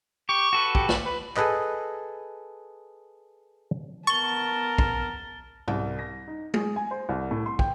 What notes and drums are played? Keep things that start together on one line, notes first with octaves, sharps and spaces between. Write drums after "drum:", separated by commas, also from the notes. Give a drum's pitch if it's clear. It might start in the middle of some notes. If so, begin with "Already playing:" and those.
G4 C#6
F#4 A4 B4
G4, drum: kick
D5, drum: snare
B4
G#4 A4 B4 D#5, drum: clap
B3 A#4 A5 C#6 A6 G7
drum: kick
C2, drum: tom G#2
A#6
D#4
G#4, drum: tom G#3
G#5
C5
C2
A2
C6
G5, drum: kick